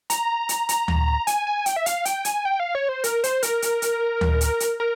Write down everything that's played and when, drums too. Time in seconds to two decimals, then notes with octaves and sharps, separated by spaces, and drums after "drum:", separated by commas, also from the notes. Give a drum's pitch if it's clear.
0.10 A#5, drum: hi-hat
0.49 drum: hi-hat
0.69 A#5, drum: hi-hat
0.88 drum: tom D2
1.27 G#5, drum: hi-hat
1.47 G#5
1.66 G5, drum: hi-hat
1.76 E5
1.86 F5, drum: hi-hat
2.05 G5, drum: hi-hat
2.25 G#5, drum: hi-hat
2.45 G5
2.60 F5
2.75 C#5
2.89 C5
3.04 A#4, drum: hi-hat
3.24 C5, drum: hi-hat
3.43 A#4, drum: hi-hat
3.62 drum: hi-hat
3.82 drum: hi-hat
4.21 drum: tom D2
4.41 drum: hi-hat
4.60 drum: hi-hat
4.80 A#4